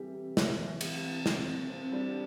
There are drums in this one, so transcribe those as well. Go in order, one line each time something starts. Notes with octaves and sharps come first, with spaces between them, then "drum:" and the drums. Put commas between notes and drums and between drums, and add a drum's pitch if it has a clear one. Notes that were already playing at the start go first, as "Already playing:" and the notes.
Already playing: C3 E3 G3 G4 A4
C3
E3, drum: snare
E3
C3 G4, drum: cymbal
C3
C3, drum: snare
C3
C3 C4
G3 D4